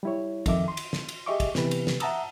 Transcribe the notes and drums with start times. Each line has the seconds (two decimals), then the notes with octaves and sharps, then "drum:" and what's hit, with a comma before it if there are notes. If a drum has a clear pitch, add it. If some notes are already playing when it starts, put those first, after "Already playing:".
0.03 G3 E4 C#5
0.46 F2 D#3 A4 E5 D6, drum: kick, cymbal
0.68 C6
0.77 drum: cymbal
0.93 drum: snare
1.09 drum: cymbal
1.26 G4 G#4 D#5 E5 C#6 D6
1.40 drum: kick, cymbal
1.55 C3 E3 B3 G4 B4, drum: snare
1.71 drum: cymbal
1.87 drum: snare
2.00 E5 F#5 A5 A#5 D#6 E6, drum: cymbal